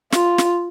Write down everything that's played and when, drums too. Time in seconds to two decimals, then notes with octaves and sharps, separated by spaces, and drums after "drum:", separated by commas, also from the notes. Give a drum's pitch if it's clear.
0.12 F4, drum: snare
0.38 drum: snare